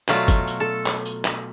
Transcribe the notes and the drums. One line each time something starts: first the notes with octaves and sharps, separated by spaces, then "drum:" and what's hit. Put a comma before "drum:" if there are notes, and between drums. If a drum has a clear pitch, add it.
B2 F#3 A3 F4, drum: clap
drum: kick, tambourine
drum: tambourine
A4
drum: clap
drum: tambourine
drum: clap